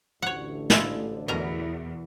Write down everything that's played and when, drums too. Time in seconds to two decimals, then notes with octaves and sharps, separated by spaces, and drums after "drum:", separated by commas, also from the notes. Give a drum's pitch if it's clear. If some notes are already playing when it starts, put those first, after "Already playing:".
0.22 A1 D2 D3 C#5 F#5
0.70 G#3 E4 F4, drum: snare
1.28 E2 B2 A#4 A#5